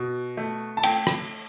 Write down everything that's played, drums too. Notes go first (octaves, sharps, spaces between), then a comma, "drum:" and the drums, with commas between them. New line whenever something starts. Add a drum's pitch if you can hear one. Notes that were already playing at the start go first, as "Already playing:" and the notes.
Already playing: B2
A3
A5
A3 G5, drum: cymbal
drum: rim click